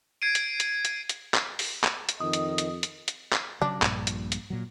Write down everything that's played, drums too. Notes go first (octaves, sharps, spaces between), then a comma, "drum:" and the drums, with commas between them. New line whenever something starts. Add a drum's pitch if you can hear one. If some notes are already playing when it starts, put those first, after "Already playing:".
G#6 C7 D7 D#7
drum: hi-hat
drum: hi-hat
drum: hi-hat
drum: hi-hat
drum: clap
drum: open hi-hat
drum: clap
drum: hi-hat
F2 D#3 D#5 D#6
drum: hi-hat
drum: hi-hat
drum: hi-hat
drum: hi-hat
drum: clap
C#3 F#3 D4
A#1 G2 A#2, drum: clap
drum: hi-hat
drum: hi-hat
A#2 F#3